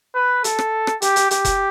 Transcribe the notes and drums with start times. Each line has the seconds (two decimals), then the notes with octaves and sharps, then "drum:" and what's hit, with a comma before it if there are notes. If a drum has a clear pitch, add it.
0.15 B4
0.44 A4, drum: hi-hat
0.59 drum: rim click
0.87 drum: rim click
1.02 G4, drum: hi-hat
1.16 drum: hi-hat
1.31 G4, drum: hi-hat
1.45 drum: kick F1, hi-hat